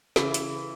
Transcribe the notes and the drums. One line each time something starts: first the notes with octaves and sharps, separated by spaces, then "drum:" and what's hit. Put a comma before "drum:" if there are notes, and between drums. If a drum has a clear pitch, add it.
C#3 E3, drum: snare
drum: hi-hat